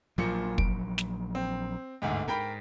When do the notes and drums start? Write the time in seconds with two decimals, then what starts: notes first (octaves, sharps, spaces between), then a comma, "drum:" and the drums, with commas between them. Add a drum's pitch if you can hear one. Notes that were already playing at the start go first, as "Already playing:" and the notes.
0.18 A#1 A#2 F3 F#3 A#3 C#7
0.58 D7, drum: kick
0.98 drum: snare
1.35 C4
2.02 G1 D2 G#2
2.28 G#2 A#4 G5 B5